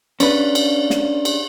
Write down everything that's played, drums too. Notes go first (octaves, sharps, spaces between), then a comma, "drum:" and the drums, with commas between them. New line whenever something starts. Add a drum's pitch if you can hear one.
C#4 D4 B4, drum: cymbal
drum: cymbal
drum: snare
drum: cymbal